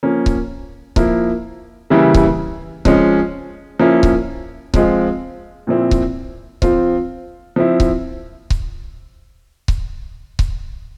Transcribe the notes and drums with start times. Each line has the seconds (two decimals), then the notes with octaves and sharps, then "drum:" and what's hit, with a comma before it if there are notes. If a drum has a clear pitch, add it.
0.03 F3 A#3 C#4
0.26 drum: kick C#1
0.96 F3 A#3 E4, drum: kick C#1
1.90 C#3 E3 G3 A#3 E4
2.14 drum: kick C#1
2.85 F3 G#3 C#4, drum: kick C#1
3.80 F3 A#3 C#4 E4
4.03 drum: kick C#1
4.74 F3 G#3 C4 F4, drum: kick C#1
5.67 A#2 F3 C4 E4
5.91 drum: kick C#1
6.62 F3 C4 F4, drum: kick C#1
7.56 F3 C4 E4
7.80 drum: kick C#1
8.50 drum: kick C#1
9.68 drum: kick C#1
10.39 drum: kick C#1